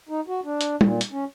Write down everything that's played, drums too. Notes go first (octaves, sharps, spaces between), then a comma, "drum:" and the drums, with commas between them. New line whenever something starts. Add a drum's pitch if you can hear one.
D#4
F#4
D4
drum: hi-hat
A#2, drum: tom G3
drum: hi-hat
C#4